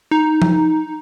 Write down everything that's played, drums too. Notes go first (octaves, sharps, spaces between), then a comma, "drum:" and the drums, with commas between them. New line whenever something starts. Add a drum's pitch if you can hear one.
D#4
drum: tom F3